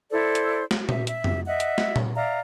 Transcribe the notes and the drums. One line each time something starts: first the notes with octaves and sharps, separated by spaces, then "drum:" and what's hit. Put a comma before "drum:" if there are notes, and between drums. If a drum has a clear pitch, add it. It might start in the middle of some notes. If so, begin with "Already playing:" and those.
E4 A4 C5 D5
drum: hi-hat
drum: snare
E5, drum: tom A#2
E5, drum: hi-hat
drum: tom
D#5 E5 F#5
drum: hi-hat
drum: snare
drum: tom
D5 E5 F5 A#5